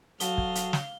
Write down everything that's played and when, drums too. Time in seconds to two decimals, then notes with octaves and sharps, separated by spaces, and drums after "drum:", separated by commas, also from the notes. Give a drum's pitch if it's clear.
0.20 F#3 F#4 A4 F5 D#6 G7, drum: hi-hat
0.38 drum: kick
0.55 drum: hi-hat
0.73 drum: snare